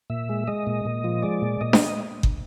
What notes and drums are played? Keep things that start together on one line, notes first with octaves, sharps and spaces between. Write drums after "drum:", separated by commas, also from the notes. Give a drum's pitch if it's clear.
A#2 E5
G#3
G#3 D#5
A#2
A#2
F3
G#3 D5
A#2
A#2 D#5
drum: snare D4
drum: kick G1